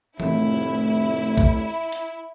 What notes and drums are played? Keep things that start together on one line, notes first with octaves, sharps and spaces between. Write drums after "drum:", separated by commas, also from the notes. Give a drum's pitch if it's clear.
F1 A2 D#3 E4, drum: tom E3
drum: kick A#1
drum: hi-hat